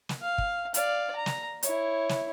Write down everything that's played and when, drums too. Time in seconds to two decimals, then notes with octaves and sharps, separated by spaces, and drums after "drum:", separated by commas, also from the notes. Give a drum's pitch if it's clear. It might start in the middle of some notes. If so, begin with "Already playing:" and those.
0.09 drum: snare
0.22 F5
0.38 drum: kick
0.74 D5 F5, drum: hi-hat
1.15 A#5
1.26 drum: snare
1.63 E4 C#5, drum: hi-hat
2.09 drum: snare